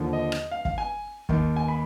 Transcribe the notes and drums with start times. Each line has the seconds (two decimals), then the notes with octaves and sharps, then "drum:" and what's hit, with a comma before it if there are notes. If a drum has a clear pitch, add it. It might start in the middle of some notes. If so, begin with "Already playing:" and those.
Already playing: D#2 D3 F3
0.13 D#5
0.32 drum: rim click
0.51 F5
0.65 F5, drum: kick
0.78 G#5
1.29 D#2 D#3, drum: kick
1.56 G#5
1.68 B5